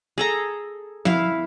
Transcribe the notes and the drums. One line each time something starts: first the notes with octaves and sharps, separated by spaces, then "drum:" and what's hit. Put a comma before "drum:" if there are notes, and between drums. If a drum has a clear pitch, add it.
G#4 A4 A#5
E4 F5, drum: tom F3